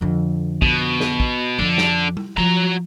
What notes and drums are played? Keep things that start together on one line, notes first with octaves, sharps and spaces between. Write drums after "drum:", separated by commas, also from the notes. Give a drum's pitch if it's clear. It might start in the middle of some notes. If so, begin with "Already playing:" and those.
F2 D3
B2, drum: kick
drum: snare
drum: kick
F2 F3 D4 A4
drum: snare
drum: tom G3
F3 F#3 A#5